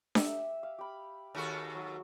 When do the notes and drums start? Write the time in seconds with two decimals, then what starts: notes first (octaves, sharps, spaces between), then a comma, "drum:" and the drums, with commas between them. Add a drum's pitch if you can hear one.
0.15 G4 E5, drum: snare D4
0.63 F5
0.78 G4 B5
1.35 D#2 F#4 G#4 A4 C#6
1.75 F#3